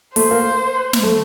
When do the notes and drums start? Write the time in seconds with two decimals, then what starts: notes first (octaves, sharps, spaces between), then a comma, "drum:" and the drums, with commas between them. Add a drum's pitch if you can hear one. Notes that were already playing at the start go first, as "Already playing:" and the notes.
0.16 A3 C5, drum: open hi-hat
0.31 A#3
0.93 drum: snare
1.03 A3